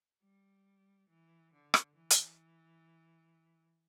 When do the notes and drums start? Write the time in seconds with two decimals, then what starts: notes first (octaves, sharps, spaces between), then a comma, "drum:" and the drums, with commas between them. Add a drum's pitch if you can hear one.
0.23 G3
1.09 E3
1.53 D3
1.74 drum: rim click
1.96 E3
2.10 drum: hi-hat